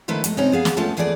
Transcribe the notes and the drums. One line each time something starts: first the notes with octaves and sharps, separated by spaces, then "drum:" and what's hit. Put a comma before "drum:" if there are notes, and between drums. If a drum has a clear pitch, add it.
D3 D#3 A3 E4 B4 C5
G#3 A3, drum: hi-hat
C3 C4 C#4 D#4
B3 G#4 F5
drum: snare
A3 B3 C#4 F4 A4 A5
E2 E3 A3 G#4 C#5 D5